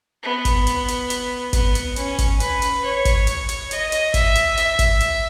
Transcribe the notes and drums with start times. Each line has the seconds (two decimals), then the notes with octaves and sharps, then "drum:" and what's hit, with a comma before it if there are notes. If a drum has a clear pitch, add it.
0.23 B3
0.45 drum: kick G#1, hi-hat
0.67 drum: hi-hat
0.88 drum: hi-hat
1.10 drum: hi-hat
1.53 B3, drum: kick G#1, hi-hat
1.75 drum: hi-hat
1.96 C#4, drum: hi-hat
2.19 drum: kick G#1, hi-hat
2.40 B4, drum: hi-hat
2.62 drum: hi-hat
2.84 C#5
3.05 drum: kick G#1, hi-hat
3.27 drum: hi-hat
3.49 drum: hi-hat
3.71 D#5, drum: hi-hat
3.92 drum: hi-hat
4.14 E5, drum: kick G#1, hi-hat
4.35 drum: hi-hat
4.57 E5, drum: hi-hat
4.79 drum: kick G#1, hi-hat
5.00 drum: hi-hat